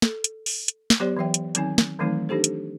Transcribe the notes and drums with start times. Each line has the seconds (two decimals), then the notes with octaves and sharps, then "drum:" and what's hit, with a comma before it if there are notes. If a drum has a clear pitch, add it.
0.02 A4, drum: snare
0.24 drum: hi-hat
0.46 drum: open hi-hat
0.68 drum: hi-hat
0.90 drum: snare
1.00 F#3 B3 G4 C5 D5 C6
1.17 E3 F#3 E5 G5
1.34 drum: hi-hat
1.55 D#3 F#3 C4 D#4 G#5, drum: hi-hat
1.78 drum: snare
1.99 D#3 E3 F#3 A3 C4 D#4
2.29 D4 D#4 G4 A4 C5
2.44 drum: hi-hat